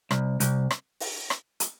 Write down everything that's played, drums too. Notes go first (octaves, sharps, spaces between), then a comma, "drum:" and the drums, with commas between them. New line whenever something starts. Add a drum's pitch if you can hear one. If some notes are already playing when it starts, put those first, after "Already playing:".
C2, drum: rim click
C2, drum: hi-hat
drum: rim click
drum: open hi-hat
drum: rim click
drum: hi-hat